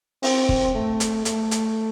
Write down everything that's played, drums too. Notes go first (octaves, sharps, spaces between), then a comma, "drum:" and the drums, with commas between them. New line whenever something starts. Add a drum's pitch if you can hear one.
C4, drum: open hi-hat
drum: kick
A3
drum: hi-hat
A3, drum: hi-hat
drum: hi-hat